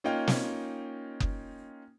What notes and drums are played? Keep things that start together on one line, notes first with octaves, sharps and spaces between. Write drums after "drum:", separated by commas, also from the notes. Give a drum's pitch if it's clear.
A#3 C#4 D#4 F4 G5
drum: snare
drum: kick F#1